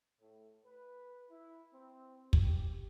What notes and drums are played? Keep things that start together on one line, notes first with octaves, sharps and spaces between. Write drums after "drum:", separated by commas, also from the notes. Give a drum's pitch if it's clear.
A2
B4
E4
C4
G4, drum: kick